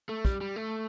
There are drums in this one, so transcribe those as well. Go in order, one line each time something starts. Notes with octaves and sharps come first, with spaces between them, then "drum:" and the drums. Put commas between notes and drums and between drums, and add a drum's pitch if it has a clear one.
A3
G3, drum: kick
G3
A3